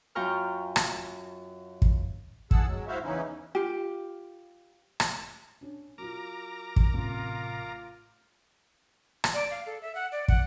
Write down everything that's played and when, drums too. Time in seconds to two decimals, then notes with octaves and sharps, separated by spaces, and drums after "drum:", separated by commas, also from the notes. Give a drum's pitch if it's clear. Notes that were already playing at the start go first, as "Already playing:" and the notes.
0.15 F#2 F4 G5 A#5 C#6 F6
0.76 drum: rim click
1.82 drum: kick
2.51 E2 G#4 F#5 A5 E6, drum: kick
2.67 F#3 G#3
2.88 E4 F#4 C5 E5 F5
3.04 E2 C#3 E3 C#4 D#4 E4
3.55 F4 G4
5.00 drum: rim click
5.61 C#4 D4
5.98 F#3 F4 A#4 A#5 D6
6.76 drum: kick
6.93 A1 A2 C3 F4
9.24 drum: rim click
9.34 D5
9.51 F5
9.66 A4
9.82 E5
9.95 F#5
10.12 D5
10.28 F#5, drum: kick